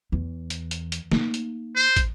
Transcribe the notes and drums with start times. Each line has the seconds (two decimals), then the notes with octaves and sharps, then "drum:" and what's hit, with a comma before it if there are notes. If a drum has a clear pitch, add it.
0.12 E2
0.50 drum: hi-hat
0.71 drum: hi-hat
0.92 drum: hi-hat
1.12 A#3 D#4, drum: snare
1.34 drum: hi-hat
1.76 C5
1.96 drum: kick, hi-hat